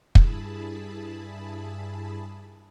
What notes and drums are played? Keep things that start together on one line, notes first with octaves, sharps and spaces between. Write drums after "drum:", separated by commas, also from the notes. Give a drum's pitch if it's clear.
G2 E4 G#4 A5 B5, drum: kick